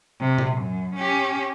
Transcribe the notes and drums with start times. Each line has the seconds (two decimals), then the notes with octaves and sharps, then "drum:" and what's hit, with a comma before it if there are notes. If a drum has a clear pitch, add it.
0.20 C3
0.38 drum: tom A#2
0.57 F#2
0.95 C#4 G4